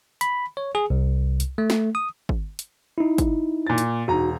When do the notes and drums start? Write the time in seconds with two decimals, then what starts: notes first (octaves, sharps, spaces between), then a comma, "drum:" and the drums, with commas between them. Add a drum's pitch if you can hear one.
0.21 B5, drum: hi-hat
0.57 C#5
0.75 G#4
0.90 C2
1.40 drum: hi-hat
1.58 A3
1.70 drum: snare
1.95 D#6
2.29 drum: kick
2.59 drum: hi-hat
2.98 D#4 E4
3.18 drum: kick, hi-hat
3.67 A#2 A6
3.78 drum: hi-hat
4.08 E1 D#4 F#4 A#5